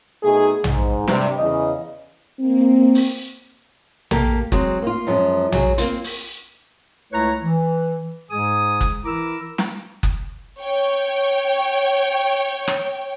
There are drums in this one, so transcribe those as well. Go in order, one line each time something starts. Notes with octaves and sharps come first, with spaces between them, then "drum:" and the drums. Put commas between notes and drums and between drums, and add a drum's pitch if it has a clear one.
B2 A3 D#4 G#4
G#2, drum: tom A#1
G2 C3, drum: snare
E2 C#3 D#5
A#3 C4
drum: open hi-hat
A#3 G4 A4 A#4, drum: tom A#1
F#3 G#3 C4, drum: kick F#1
A#3 F4
F#2 F3 G#3 C#4
F#3 G#4, drum: tom A#1
A#3 C4 F4, drum: hi-hat
drum: open hi-hat
C#2 A3 E4 B4 C#5 A#5
E3
G#2 G#3 G#4 G#5 D#6
drum: kick F#1
E3 E4 A#4 A#5 D6 E6
drum: snare
drum: kick F#1
C#5 G5
drum: rim click